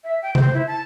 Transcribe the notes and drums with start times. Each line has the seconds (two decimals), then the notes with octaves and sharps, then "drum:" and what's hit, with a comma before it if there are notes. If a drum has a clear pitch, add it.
0.04 E5
0.22 G5
0.35 C5, drum: tom C3
0.54 E4
0.67 A5